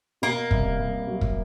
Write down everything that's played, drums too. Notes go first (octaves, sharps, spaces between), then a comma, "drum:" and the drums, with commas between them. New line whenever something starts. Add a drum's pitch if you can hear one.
B2 A#3
C2, drum: kick
C2
F#3
drum: kick